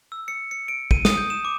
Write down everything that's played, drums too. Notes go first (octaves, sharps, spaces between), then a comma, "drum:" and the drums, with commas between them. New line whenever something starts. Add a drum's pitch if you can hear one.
E6
C#7
C#7
D7
D#7, drum: kick
D#6, drum: snare
G6
E7
D6